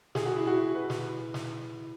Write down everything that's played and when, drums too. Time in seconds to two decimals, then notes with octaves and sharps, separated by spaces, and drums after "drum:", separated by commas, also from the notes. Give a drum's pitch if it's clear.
0.15 G#4, drum: snare
0.26 F#4
0.36 E4
0.47 F#4
0.75 B4
0.90 drum: snare
1.34 drum: snare